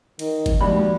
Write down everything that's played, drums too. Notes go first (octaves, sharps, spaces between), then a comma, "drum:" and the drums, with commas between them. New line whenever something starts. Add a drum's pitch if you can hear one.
D#3, drum: cymbal
drum: kick, cymbal
D#2 F3 G#3 F#4 D5 B5
drum: tom